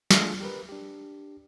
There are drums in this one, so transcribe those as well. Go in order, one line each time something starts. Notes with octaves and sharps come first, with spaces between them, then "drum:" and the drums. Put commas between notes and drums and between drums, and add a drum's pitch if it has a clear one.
G#3 A3 D4 F4 G#4, drum: snare
G4 A#4 B4
D4 G4